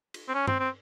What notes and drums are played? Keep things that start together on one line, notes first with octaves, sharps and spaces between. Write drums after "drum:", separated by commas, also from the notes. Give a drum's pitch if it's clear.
drum: cymbal
C4
C#4
C4, drum: tom
C4